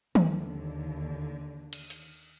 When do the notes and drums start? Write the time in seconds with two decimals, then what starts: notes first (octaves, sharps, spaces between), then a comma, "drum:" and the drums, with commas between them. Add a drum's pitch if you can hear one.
0.15 D#2 D3, drum: tom D#3
1.73 drum: cymbal
1.90 drum: hi-hat